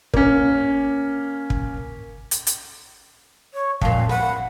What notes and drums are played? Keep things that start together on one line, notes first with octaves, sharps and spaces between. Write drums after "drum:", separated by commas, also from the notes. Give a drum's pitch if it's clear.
A#3 C#4, drum: kick
drum: kick
drum: hi-hat
drum: hi-hat
C#5
F2 A#2 F5, drum: kick
B4 F#5